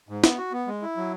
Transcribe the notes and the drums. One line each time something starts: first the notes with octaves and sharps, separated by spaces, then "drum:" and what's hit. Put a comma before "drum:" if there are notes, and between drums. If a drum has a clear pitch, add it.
G#2
B3, drum: snare
F#4
B3
G#3
E4
F#3